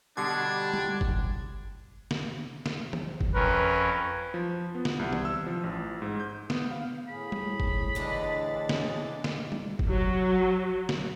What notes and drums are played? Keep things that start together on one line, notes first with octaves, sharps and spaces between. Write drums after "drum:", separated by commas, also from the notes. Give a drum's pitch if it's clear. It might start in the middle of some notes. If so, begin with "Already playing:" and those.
B2 D3 G3 D4 G#6
drum: tom G3
drum: kick F#1
drum: snare
drum: snare
drum: tom D#3
drum: kick F#1
F2 C#4 A#4 B4
F3
B3
drum: snare
C2
drum: tom D#3
E6
F3
A1
G#2
G6
B3, drum: snare
F5
A2 G#4 B5
drum: tom G3
drum: kick F#1
D2 D3 E3 D4 D#5 A6
drum: snare
drum: snare
drum: tom G3
drum: kick F#1
F#3
drum: snare